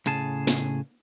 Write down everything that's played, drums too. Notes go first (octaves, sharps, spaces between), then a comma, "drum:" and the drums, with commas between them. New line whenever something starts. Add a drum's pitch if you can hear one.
A2 C#3 G#4 A5, drum: hi-hat
drum: snare